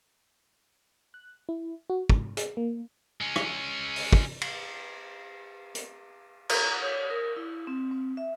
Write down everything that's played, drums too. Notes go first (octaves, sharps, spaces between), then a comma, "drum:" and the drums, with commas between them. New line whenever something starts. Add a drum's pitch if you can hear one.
F#6
E4
F#4
G#2, drum: kick
G#4, drum: hi-hat
A#3
G#3 C#4
drum: rim click
drum: open hi-hat
drum: kick
drum: cymbal
drum: hi-hat
A#5, drum: cymbal
C#5
A#4
E4
C4
C4
E5